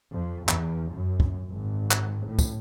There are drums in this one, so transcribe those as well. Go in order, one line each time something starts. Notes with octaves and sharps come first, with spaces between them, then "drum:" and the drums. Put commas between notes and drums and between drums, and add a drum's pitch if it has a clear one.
F2
E2, drum: clap
F#2
drum: kick
G#1
drum: clap
A2
drum: kick, tambourine